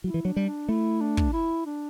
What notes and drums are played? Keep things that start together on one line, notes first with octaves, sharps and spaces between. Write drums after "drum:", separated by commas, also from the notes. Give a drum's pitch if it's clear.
F#3 E4
E3
F#3 D4
G3
D4
A3 E4
D4
drum: kick
E4
D4